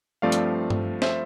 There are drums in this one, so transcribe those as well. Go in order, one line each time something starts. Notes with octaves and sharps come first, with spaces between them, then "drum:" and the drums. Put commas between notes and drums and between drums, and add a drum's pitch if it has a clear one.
G2 F3 A3 C4 D5 F5
drum: hi-hat
drum: tom G2
C5 E5, drum: snare